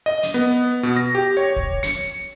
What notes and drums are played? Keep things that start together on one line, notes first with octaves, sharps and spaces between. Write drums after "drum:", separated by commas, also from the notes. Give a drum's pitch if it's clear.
D#5
drum: hi-hat
B3
B2
A#6
G4
C#5
drum: kick
C#7, drum: hi-hat